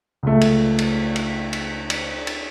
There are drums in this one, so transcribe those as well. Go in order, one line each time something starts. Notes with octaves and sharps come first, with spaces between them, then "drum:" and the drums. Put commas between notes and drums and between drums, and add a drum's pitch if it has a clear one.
C#2 A3
drum: cymbal
drum: cymbal
drum: cymbal
drum: cymbal
drum: cymbal
drum: cymbal